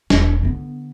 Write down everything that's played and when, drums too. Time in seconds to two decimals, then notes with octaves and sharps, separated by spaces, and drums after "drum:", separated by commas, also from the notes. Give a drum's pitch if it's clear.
0.10 E1, drum: snare
0.43 D3 B3